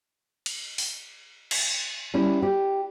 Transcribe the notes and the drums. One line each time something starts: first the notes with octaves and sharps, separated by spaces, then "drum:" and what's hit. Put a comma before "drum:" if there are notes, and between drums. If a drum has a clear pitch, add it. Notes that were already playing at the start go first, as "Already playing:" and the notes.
drum: cymbal
drum: open hi-hat
drum: cymbal
G3 C#4 E4
G4